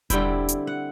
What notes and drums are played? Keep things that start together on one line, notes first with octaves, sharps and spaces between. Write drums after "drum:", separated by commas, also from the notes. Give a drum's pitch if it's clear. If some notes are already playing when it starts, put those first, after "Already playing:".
D3 G3 C4 E4 G5, drum: kick E1, hi-hat
drum: hi-hat
F#5